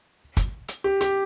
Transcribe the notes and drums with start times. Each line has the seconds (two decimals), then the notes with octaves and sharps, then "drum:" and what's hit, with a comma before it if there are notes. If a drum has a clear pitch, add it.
0.37 drum: kick, hi-hat
0.69 drum: hi-hat
0.84 G4
1.01 G4, drum: hi-hat